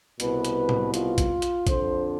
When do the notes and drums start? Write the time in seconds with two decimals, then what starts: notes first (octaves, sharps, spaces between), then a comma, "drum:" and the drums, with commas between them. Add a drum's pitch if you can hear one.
0.20 C2 B2 B4, drum: hi-hat
0.45 drum: hi-hat
0.69 drum: tom A2
0.94 F4, drum: hi-hat
1.18 drum: kick A#1, hi-hat
1.42 drum: hi-hat
1.67 F2 D3 C5, drum: kick A#1, hi-hat